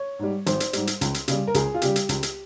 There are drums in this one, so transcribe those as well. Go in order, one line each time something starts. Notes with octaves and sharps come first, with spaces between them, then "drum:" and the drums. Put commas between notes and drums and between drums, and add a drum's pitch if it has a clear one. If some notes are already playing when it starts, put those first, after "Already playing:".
Already playing: C#5
G#2 G3
G#1 C5, drum: hi-hat
drum: hi-hat
G#2 G3, drum: hi-hat
drum: hi-hat
C#2, drum: hi-hat
drum: hi-hat
C#3 G3, drum: hi-hat
A#4
C#2 G#4, drum: hi-hat
F4
C#3 G3 G4, drum: hi-hat
drum: hi-hat
C#2, drum: hi-hat
drum: hi-hat